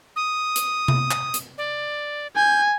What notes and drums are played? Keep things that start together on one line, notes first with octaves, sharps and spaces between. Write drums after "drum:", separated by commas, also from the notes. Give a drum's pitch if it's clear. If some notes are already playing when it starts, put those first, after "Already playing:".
D#6
drum: hi-hat
drum: tom C3
drum: clap
drum: hi-hat
D5
G#5 G6